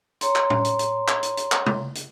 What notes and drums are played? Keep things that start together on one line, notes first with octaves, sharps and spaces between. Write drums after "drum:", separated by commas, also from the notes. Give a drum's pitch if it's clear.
C#5 A#5 C6, drum: hi-hat
drum: clap
drum: tom A2
drum: hi-hat
drum: hi-hat
drum: clap
drum: hi-hat
drum: hi-hat
drum: clap
drum: tom
drum: hi-hat